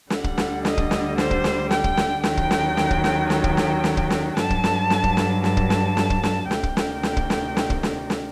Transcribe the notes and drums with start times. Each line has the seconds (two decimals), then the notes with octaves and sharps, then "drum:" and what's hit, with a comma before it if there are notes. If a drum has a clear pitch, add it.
0.10 D2 D3 G3 F#5, drum: snare
0.24 drum: kick
0.38 drum: snare
0.65 D#5, drum: snare
0.78 drum: kick
0.91 drum: snare
1.18 C5, drum: snare
1.31 drum: kick
1.44 drum: snare
1.71 G5, drum: snare
1.84 drum: kick
1.97 drum: snare
2.24 D#2 D#3 F#3 G5, drum: snare
2.37 drum: kick
2.51 drum: snare
2.77 drum: snare
2.91 drum: kick
3.04 drum: snare
3.30 G5, drum: snare
3.44 drum: kick
3.57 drum: snare
3.84 drum: snare
3.97 drum: kick
4.10 drum: snare
4.37 G2 F#3 A5, drum: snare
4.50 drum: kick
4.64 drum: snare
4.90 drum: snare
5.04 drum: kick
5.17 drum: snare
5.44 A5, drum: snare
5.57 drum: kick
5.70 drum: snare
5.97 drum: snare
6.10 drum: kick
6.23 drum: snare
6.51 D2 C3 D#3 G5, drum: snare
6.63 drum: kick
6.77 drum: snare
7.03 drum: snare
7.17 drum: kick
7.30 drum: snare
7.57 drum: snare
7.70 drum: kick
7.83 drum: snare
8.10 drum: snare